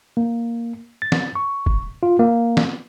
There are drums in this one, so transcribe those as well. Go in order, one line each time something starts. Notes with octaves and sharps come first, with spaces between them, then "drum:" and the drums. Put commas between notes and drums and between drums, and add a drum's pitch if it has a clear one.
A#3
A6
drum: snare
C#6
drum: kick
F4
A#3
drum: snare